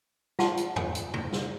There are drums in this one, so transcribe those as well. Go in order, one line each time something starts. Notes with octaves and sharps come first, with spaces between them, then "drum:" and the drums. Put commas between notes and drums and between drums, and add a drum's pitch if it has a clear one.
F4 F5 F#5 A5 C6, drum: snare
drum: hi-hat
drum: tom E2
drum: hi-hat
drum: tom C3
drum: snare